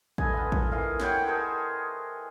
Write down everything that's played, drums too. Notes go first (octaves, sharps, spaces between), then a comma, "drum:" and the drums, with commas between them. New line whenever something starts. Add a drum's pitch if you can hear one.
A4 B4 D#5 G#5, drum: kick A#1
B3 F4
A#3, drum: kick A#1
E3 D#5 F5 G#5
B4 C#5 F#5 G5, drum: snare
G#4 A#4 C5 A5